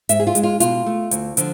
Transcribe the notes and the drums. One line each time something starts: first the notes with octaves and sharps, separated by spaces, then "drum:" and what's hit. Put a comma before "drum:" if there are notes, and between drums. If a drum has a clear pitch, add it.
G#2 E5, drum: hi-hat
G#4
F4
G#3, drum: hi-hat
F4
B2 F4, drum: hi-hat
A3
D2, drum: hi-hat
D3 F3, drum: hi-hat